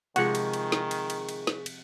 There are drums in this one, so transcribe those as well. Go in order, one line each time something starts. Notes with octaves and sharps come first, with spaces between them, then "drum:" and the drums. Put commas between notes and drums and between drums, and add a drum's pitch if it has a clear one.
C3 D#3 F3 G#3 G#4 F#5 C#6, drum: cymbal
drum: cymbal
drum: cymbal
drum: snare
drum: cymbal
drum: cymbal
drum: cymbal
drum: snare
drum: cymbal